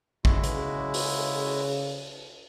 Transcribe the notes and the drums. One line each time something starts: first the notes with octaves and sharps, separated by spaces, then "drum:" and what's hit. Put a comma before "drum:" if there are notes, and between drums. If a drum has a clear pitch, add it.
C#3 G#3 E4 F#4, drum: kick A1
drum: hi-hat
drum: open hi-hat